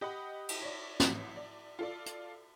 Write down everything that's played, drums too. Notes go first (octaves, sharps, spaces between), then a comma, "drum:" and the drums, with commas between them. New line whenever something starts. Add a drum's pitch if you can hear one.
G4 D#5 F#5 B5
drum: cymbal
C#5 D5
A1 B6, drum: snare
D5
F4 A4 D5
drum: hi-hat